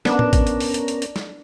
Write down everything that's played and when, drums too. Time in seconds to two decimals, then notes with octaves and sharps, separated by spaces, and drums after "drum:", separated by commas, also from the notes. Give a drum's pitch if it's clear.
0.05 B3 C#4 D4 A#4, drum: snare
0.19 drum: tom A2
0.33 drum: kick, hi-hat
0.47 drum: hi-hat
0.60 drum: open hi-hat
0.74 drum: hi-hat
0.88 drum: hi-hat
1.02 drum: hi-hat
1.16 drum: snare